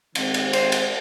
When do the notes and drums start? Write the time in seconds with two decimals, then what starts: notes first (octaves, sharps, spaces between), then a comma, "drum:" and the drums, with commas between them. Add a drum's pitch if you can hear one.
0.15 D#3 G#3 C4, drum: cymbal
0.34 drum: cymbal
0.53 C5, drum: cymbal
0.72 drum: cymbal